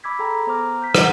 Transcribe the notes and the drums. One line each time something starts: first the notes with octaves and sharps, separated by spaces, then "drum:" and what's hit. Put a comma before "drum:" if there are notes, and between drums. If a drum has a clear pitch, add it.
B5 D6 E6 G#6 B6
G#4 A4 G5 A#5
B3 C5 A#5 D6 F6 A#6
G6 B6
F#5 A#5, drum: rim click